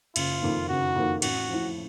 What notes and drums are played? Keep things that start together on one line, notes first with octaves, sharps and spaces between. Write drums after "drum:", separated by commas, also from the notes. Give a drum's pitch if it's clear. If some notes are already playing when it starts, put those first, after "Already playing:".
F#1 F4, drum: cymbal
F2 D#3 A#3
F#1 F#4
F2 D#3 A#3
A1 F#4, drum: cymbal
A2 F3